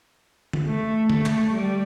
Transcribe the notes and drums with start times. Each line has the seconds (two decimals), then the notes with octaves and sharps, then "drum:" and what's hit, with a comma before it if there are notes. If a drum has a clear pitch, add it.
0.53 drum: tom D3
0.65 A3
1.10 A3, drum: tom D3
1.26 drum: clap
1.54 G3